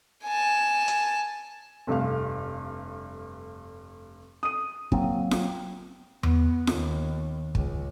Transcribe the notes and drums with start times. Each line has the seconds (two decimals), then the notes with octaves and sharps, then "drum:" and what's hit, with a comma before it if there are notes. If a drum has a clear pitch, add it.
0.24 G#5 A5
0.88 drum: hi-hat
1.87 F1 G2 A3 F5
4.43 D#6 D#7
4.92 F#3 A#3 C4, drum: kick
5.31 drum: snare F4
6.23 B3, drum: tom E2
6.67 D#2, drum: snare F4
7.55 C#2, drum: kick